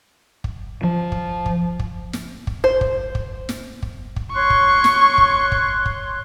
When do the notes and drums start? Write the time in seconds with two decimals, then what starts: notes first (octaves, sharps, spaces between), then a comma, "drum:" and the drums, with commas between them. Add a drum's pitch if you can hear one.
0.44 drum: kick
0.84 F3
1.12 drum: kick
1.46 drum: kick
1.79 drum: kick
2.13 drum: snare
2.47 drum: kick
2.64 C5
2.81 drum: kick
3.15 drum: kick
3.49 drum: snare
3.83 drum: kick
4.16 drum: kick
4.33 C#5 C6 C#6 F#6
4.50 drum: kick
4.84 drum: snare
5.18 drum: kick
5.52 drum: kick
5.86 drum: kick